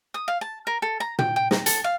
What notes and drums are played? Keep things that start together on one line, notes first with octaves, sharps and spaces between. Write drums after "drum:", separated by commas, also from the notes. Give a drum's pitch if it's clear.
D#6
F5
A5
A#4
A4
A#5
G5, drum: tom
G5
A#5, drum: snare
A4, drum: hi-hat
F5